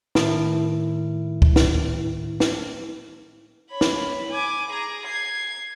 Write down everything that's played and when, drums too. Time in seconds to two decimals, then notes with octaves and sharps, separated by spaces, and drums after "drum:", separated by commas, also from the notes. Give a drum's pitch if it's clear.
0.15 A2 D#3 E4, drum: snare
1.42 drum: kick
1.56 drum: snare
2.40 drum: snare
3.70 C#5 B5
3.81 drum: snare
4.29 G#5 D6
4.71 G#4 A#5
5.05 G#6 C7